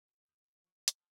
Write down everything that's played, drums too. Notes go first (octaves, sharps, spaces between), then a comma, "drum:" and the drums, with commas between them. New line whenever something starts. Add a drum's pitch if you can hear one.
F#4
D2 D#6 G6
F3 C#6
G5 A5 C6 D#6 F6 G6, drum: hi-hat